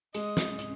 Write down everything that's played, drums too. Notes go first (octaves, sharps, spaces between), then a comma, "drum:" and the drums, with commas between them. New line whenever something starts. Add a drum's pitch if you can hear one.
G#3 D#5, drum: hi-hat
drum: snare
drum: hi-hat